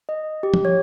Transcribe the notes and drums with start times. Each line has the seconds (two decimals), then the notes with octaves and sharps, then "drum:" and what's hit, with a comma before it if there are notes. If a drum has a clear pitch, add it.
0.09 D#5
0.43 G4
0.54 drum: tom
0.65 C#5